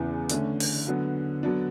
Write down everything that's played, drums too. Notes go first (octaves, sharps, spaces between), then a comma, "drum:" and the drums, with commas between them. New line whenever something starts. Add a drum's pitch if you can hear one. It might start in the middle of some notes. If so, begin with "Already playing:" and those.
Already playing: E2 C#3 E3 B3
D3 A3 C#4, drum: hi-hat
drum: open hi-hat
D3 F#3 B3
D3 F#3 B3 D4